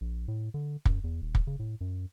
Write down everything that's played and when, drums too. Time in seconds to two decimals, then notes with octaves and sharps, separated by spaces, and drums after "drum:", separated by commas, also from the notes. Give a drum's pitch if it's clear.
0.01 A#1
0.28 A2
0.54 D3
0.85 F#2, drum: kick
1.04 E2
1.22 D#1
1.35 drum: kick
1.47 C#3
1.59 A2
1.81 F#2